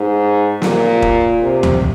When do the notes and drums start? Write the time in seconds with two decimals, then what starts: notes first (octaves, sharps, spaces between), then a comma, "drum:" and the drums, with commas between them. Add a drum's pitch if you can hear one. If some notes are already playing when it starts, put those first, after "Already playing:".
Already playing: G#2
0.62 A#2, drum: snare
1.02 drum: kick
1.43 C3
1.63 drum: tom D2